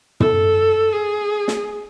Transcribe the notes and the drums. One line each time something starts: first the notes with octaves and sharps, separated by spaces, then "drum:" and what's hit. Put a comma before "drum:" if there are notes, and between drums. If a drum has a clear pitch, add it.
A4, drum: tom
G#4
drum: snare